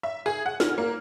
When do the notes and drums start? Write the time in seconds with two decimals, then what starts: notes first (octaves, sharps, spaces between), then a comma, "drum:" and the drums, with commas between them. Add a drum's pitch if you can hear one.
0.03 E5
0.26 G#4
0.46 F#5
0.60 F6, drum: snare
0.78 A#3